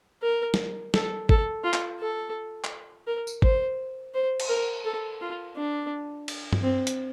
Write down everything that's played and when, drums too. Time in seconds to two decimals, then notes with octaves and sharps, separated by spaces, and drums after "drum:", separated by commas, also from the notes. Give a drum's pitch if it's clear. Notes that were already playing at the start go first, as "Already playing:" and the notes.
0.22 A#4
0.54 drum: snare
0.94 A4, drum: snare
1.29 A4, drum: kick G#1
1.64 F4
1.73 drum: clap
2.00 A4
2.64 drum: clap
3.07 A#4
3.27 drum: tambourine
3.42 C5, drum: kick G#1
4.14 C5
4.40 drum: cymbal
4.49 A#4
4.84 A4
5.21 F4
5.57 D4
6.28 drum: cymbal
6.53 drum: tom G2
6.63 C4
6.87 drum: hi-hat